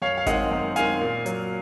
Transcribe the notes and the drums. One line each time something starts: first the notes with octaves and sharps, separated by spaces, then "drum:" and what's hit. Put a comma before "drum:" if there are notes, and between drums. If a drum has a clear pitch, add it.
F#2 C#5 F5
F5
D#3 G#3 C4 D#5 F#5, drum: kick G#1, hi-hat
F#2
D#3 G#3 C4 F5 G#5, drum: hi-hat
A#2
F#3 A#3, drum: hi-hat